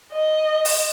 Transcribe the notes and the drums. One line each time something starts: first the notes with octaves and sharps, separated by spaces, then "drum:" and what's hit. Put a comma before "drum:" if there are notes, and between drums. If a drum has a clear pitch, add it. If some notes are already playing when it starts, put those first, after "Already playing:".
D#5
drum: open hi-hat